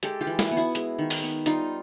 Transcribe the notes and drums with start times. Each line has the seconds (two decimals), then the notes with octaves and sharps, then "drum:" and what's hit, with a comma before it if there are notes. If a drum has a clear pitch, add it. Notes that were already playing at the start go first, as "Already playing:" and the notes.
0.03 G#3 G4 A4, drum: hi-hat
0.21 F4 G4
0.27 E3
0.39 E4 F#4, drum: snare
0.51 B3
0.57 E4 F#4
0.75 G#3, drum: hi-hat
0.98 D#3
1.10 drum: open hi-hat
1.22 B3
1.46 G3 D#4 F4, drum: hi-hat